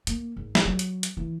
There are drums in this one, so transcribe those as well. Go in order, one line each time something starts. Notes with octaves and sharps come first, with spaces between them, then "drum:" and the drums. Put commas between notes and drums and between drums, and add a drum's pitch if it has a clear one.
A#3, drum: hi-hat
G#1
drum: snare
F#3
drum: hi-hat
drum: hi-hat
E3